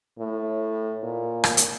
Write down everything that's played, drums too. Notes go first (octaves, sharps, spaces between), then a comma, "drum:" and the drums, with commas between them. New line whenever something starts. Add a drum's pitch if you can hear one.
A2
A#2
drum: rim click
drum: hi-hat